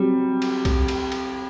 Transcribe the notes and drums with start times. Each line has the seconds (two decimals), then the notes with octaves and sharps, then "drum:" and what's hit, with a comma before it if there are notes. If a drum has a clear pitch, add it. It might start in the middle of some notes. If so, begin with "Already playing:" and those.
Already playing: F#3 G3 C4 F#4
0.42 drum: cymbal
0.65 drum: kick B1, cymbal
0.88 drum: cymbal
1.12 drum: cymbal